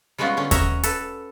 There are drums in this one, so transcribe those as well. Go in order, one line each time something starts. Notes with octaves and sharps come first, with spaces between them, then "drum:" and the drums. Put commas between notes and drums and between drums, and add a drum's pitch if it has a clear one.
G3 G#3 B3 C#4 F4 F#4
D3 C#4
C#4 F#4 D#5 E5 G#5 A#5, drum: kick D#2, hi-hat
A4 B4, drum: hi-hat